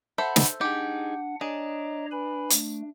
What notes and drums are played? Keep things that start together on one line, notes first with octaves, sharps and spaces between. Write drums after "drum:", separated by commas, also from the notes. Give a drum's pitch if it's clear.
A4 C5 E5 F#5 B5
drum: snare
D4 D#4 G4 G#4 F#5
D4 G#4 C#5 D#5 A#5
B4 G#5 B5
A3, drum: hi-hat